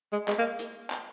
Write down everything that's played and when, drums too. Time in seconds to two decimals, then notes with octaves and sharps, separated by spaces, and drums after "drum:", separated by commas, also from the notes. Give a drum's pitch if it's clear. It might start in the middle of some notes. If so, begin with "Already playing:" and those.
0.12 G#3
0.28 G#3, drum: clap
0.39 A#3
0.59 drum: hi-hat
0.90 drum: clap